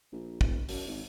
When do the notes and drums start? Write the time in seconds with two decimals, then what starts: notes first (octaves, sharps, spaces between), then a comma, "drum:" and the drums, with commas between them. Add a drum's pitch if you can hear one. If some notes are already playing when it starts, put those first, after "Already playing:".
0.12 A#1
0.41 E1, drum: kick
0.69 F#2, drum: open hi-hat
0.88 G#1